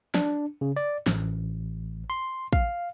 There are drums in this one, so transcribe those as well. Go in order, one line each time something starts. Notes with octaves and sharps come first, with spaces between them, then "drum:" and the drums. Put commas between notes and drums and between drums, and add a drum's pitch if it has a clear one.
D4, drum: snare
C#3
D5
A1, drum: snare
C6
F5, drum: kick